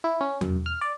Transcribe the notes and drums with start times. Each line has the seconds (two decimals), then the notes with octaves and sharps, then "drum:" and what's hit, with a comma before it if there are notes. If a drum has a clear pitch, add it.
0.04 E4
0.21 C#4
0.41 F#2, drum: tom E2
0.66 F6
0.81 D5